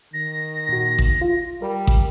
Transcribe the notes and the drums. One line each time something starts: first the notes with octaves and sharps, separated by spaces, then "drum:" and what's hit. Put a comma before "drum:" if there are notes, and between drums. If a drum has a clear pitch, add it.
D#3 A#6
A#2 F#4
drum: kick A1
F4
G3 A#4
drum: kick A1